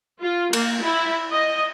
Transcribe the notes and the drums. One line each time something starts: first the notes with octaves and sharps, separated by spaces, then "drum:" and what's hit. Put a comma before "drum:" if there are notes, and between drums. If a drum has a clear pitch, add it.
F4
A#3, drum: cymbal
E4
D#5